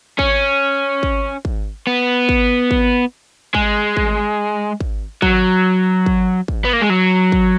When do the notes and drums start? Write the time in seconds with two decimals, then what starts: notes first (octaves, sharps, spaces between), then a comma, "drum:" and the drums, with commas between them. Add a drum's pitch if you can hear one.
0.19 C#4, drum: kick G#1
1.03 drum: kick G#1
1.45 drum: kick G#1
1.87 B3
2.29 drum: kick G#1
2.71 drum: kick G#1
3.55 G#3, drum: kick G#1
3.97 drum: kick G#1
4.81 drum: kick G#1
5.22 F#3, drum: kick G#1
6.06 drum: kick G#1
6.48 drum: kick G#1
6.65 B3
6.73 A#3
6.82 G#3
6.90 F#3
7.32 drum: kick G#1